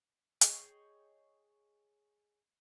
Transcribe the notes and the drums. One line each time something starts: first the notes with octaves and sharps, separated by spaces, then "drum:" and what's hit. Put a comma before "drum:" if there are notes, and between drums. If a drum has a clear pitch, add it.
G#4 C#5 D#5 G5, drum: hi-hat